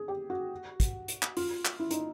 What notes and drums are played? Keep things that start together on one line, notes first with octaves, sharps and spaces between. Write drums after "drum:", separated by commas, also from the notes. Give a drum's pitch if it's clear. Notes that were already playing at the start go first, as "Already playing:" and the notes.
Already playing: G#4
G4
F#4
drum: kick, hi-hat
drum: hi-hat
drum: clap
F4, drum: open hi-hat
drum: clap
E4
D#4, drum: hi-hat